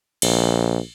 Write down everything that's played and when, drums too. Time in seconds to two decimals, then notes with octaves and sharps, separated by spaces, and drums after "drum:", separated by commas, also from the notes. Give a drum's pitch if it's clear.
0.22 A#1, drum: cymbal